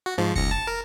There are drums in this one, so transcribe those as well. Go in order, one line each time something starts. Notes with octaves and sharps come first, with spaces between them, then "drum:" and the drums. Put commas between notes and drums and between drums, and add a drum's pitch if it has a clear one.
F#4
G#2 F3
C#2 A#6 C#7, drum: kick F1
A5
A#4